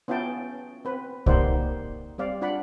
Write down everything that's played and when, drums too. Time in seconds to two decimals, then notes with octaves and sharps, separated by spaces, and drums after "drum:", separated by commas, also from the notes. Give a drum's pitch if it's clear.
0.08 B3 C#4 E4 F4 G5 A5
0.85 C4 B4
1.26 A#3 D#4 G4 C5 D5 F#5, drum: kick C2
2.18 G3 C4 D5 F5
2.42 D4 F4 D5 F#5 B5